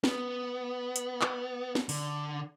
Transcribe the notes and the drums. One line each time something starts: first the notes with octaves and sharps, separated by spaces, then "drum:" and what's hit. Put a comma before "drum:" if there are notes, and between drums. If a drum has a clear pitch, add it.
B3, drum: snare
drum: hi-hat
drum: clap
drum: snare
D3, drum: open hi-hat